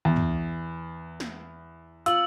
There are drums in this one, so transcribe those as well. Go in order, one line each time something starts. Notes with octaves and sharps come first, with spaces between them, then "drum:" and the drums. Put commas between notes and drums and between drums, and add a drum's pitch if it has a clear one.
E2
drum: tom
drum: snare
F4 E6 F#7, drum: hi-hat